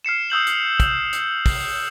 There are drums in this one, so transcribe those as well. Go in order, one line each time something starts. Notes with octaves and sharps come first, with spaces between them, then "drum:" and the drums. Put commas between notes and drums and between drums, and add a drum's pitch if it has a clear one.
F6 C7 C#7 E7
D#6 E6 G6 F#7
drum: hi-hat
drum: kick, hi-hat
drum: hi-hat
drum: kick, open hi-hat